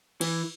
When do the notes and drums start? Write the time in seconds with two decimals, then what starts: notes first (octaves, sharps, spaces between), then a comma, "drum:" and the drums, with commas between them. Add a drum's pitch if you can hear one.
0.21 E3, drum: cymbal